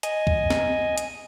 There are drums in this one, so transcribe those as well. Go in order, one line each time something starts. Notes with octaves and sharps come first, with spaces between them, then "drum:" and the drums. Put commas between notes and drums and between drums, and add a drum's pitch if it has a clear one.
D#5 G#5, drum: hi-hat
drum: kick
drum: snare
drum: hi-hat